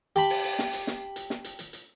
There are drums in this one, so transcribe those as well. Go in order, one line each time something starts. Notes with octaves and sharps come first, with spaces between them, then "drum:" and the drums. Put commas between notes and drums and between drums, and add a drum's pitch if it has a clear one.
G4 A5 B5
drum: open hi-hat
drum: open hi-hat
drum: snare
drum: hi-hat
drum: snare
drum: hi-hat
drum: snare
drum: hi-hat
drum: hi-hat
drum: hi-hat